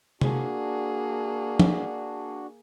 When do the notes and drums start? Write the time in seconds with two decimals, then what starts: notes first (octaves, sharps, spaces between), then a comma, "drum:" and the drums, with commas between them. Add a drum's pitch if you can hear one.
0.21 A#3 D4 F#4 G#4, drum: tom C3
1.60 drum: tom F3